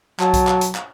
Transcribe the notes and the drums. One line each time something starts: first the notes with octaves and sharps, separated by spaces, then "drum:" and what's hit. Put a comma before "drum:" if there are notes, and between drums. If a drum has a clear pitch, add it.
F#3 A5, drum: clap
drum: kick B1, hi-hat
drum: clap
drum: hi-hat
drum: clap